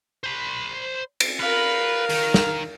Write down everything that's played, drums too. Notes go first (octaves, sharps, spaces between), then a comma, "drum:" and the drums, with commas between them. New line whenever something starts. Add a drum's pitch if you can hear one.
C5 B5
drum: cymbal
A#4 B4 F5
D#3, drum: open hi-hat
drum: snare